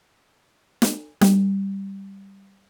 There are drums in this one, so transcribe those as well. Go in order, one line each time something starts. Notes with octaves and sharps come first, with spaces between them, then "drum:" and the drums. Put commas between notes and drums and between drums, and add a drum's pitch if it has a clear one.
drum: snare
G3, drum: snare